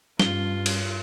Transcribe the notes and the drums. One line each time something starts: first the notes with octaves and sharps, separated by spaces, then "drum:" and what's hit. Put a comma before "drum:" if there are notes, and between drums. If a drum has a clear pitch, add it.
G2 G3 C#4 F4 G7, drum: snare
drum: cymbal